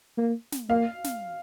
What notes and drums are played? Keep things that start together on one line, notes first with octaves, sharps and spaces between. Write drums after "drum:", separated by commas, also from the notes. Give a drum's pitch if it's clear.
A#3
drum: snare
A#3 F5
drum: snare